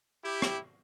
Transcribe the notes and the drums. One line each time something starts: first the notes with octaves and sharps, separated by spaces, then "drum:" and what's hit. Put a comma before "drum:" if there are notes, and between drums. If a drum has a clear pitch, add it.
E4 G4
drum: rim click